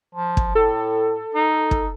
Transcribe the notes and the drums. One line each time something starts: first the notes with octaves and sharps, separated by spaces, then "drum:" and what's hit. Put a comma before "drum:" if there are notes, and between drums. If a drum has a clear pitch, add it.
F3
drum: kick
A2 A4
D#4
drum: kick